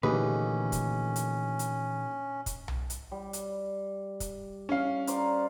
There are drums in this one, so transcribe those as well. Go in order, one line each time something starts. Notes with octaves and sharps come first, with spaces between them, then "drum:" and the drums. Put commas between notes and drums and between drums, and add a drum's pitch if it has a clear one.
D#2 A#2 D3 E3 A3 C#4 G#4 B4
drum: kick, hi-hat
drum: hi-hat
drum: hi-hat
drum: kick, hi-hat
drum: tom B1
drum: hi-hat
G3
drum: hi-hat
drum: kick, hi-hat
C#4 F5
A#4 C5 D5, drum: hi-hat